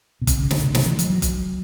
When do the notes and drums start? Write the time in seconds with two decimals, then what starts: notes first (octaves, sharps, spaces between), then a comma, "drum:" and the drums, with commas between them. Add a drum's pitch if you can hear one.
0.22 B2
0.27 C3, drum: kick F#1, hi-hat
0.39 C#3
0.51 D3, drum: snare
0.63 C3
0.75 C3, drum: snare
0.86 E3
0.99 F3, drum: hi-hat
1.10 F#3
1.22 drum: kick F#1, hi-hat